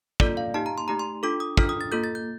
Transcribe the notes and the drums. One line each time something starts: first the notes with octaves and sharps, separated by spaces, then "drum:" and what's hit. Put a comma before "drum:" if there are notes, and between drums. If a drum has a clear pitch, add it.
A#3 F4 A4 D5, drum: kick
F5
A#3 D#4 G4 A5
A#5
C6
A3 D#4 G4 A#5
C6
D4 F4 A4 D6
D#6
D4 F4 A4 F6, drum: kick
D#6
A6
A#3 F4 A4 G6
A6
G6